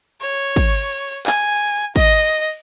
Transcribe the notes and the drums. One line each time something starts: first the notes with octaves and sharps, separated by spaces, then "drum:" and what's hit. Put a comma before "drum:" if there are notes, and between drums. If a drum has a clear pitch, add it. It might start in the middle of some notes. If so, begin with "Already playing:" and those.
C#5
drum: kick, cymbal
G#5, drum: clap
D#5, drum: kick, cymbal